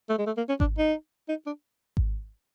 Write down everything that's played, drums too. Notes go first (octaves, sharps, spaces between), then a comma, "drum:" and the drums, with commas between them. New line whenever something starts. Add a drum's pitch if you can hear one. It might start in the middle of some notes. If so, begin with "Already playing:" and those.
A3
G#3
A3
A#3
C#4
D4, drum: kick G#1
D#4
D#4
D4
drum: kick G#1